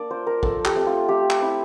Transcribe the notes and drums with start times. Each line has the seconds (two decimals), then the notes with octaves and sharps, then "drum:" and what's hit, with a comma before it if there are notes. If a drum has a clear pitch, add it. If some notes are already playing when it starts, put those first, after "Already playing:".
Already playing: A#3 D4 D5
0.10 F4 C5
0.27 A#4
0.43 F3 A4, drum: kick
0.65 G4, drum: clap
0.75 A3 C4
0.86 F4
1.08 A3 G4
1.30 drum: clap
1.41 C4 E4